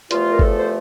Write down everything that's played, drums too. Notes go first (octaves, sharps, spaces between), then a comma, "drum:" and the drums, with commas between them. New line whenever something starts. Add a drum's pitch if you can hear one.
E2 C3 F3 A3 F4, drum: hi-hat
A#4
A4, drum: kick
C5